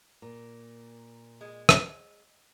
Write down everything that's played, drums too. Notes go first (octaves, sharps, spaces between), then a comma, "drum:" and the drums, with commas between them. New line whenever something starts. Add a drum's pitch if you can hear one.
A#2
G#3
drum: rim click